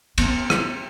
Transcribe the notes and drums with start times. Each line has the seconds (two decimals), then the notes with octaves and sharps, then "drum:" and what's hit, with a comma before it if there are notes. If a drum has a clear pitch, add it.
0.18 B3, drum: cymbal
0.50 drum: rim click